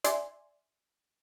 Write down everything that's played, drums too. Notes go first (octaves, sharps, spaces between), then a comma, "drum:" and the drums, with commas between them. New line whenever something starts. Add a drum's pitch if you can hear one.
D5 E5 G#5 C6, drum: hi-hat